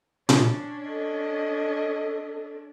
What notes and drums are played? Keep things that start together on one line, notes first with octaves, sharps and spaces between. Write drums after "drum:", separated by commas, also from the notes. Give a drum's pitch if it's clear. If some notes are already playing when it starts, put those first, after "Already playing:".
C#4 D4, drum: tom A#2
A4 D#5